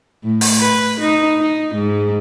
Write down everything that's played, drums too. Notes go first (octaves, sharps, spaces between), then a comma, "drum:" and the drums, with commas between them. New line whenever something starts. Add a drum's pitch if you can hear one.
A2
drum: open hi-hat
B4
D#4
D#4
G#2